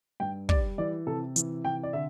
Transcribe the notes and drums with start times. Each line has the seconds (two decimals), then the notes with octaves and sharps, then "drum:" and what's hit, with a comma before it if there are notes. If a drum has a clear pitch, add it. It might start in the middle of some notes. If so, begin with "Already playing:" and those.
0.20 G2 G5
0.49 G3 D5, drum: kick
0.78 E3 D5
1.07 C3 A4
1.36 E3, drum: hi-hat
1.65 C3 G5
1.83 D5
1.93 D3 E5